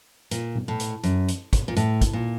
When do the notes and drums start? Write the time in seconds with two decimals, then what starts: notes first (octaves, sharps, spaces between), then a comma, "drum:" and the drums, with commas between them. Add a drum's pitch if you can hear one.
0.31 A#2, drum: hi-hat
0.55 drum: tom A#2
0.68 A2
0.80 drum: hi-hat
1.03 F#2, drum: hi-hat
1.28 drum: hi-hat
1.53 drum: kick, hi-hat
1.68 A#2
1.76 A2, drum: hi-hat
2.01 drum: kick, hi-hat
2.13 A#2